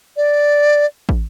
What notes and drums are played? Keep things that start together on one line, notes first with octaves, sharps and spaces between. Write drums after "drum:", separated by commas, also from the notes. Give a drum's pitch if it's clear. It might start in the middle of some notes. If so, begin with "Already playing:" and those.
D5
drum: kick